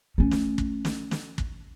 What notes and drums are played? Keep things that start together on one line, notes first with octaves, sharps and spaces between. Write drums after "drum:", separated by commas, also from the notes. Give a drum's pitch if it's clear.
A3 C#4
drum: snare
drum: kick
drum: snare
drum: snare
drum: kick